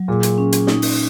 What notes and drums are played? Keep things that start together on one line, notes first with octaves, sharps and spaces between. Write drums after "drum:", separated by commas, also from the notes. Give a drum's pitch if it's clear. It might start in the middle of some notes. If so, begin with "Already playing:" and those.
Already playing: F#3
A#2 G#4
drum: hi-hat
C#4
drum: hi-hat
D#4, drum: snare
drum: open hi-hat